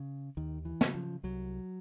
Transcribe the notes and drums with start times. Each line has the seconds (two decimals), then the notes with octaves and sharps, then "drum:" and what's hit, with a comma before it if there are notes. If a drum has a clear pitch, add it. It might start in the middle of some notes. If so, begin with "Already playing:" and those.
Already playing: C#3
0.37 D#2 D#3
0.65 E3
0.81 C#3, drum: snare
0.94 F3
1.23 C2 F#3